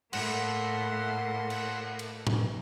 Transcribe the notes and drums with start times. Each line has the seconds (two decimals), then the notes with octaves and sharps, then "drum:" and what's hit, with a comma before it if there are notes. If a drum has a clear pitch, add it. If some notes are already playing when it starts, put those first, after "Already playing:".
0.13 A2 A#3 F#5 C6, drum: cymbal
1.50 drum: cymbal
1.99 drum: cymbal
2.27 drum: tom A2